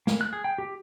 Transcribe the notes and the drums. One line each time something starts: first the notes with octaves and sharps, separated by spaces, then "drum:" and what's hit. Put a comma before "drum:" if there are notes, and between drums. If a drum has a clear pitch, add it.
A#3, drum: snare A3
F#6
G#4
G5
G4